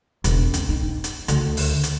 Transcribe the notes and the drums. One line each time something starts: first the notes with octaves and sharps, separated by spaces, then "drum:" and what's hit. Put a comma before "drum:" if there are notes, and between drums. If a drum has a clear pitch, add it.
E1, drum: hi-hat
C4, drum: hi-hat
D#4
drum: hi-hat
D2, drum: hi-hat
drum: open hi-hat
drum: hi-hat